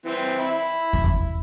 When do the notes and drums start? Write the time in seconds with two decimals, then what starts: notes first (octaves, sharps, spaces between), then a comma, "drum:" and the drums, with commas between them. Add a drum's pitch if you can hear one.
0.05 E3 C4
0.39 E4
0.93 drum: kick E2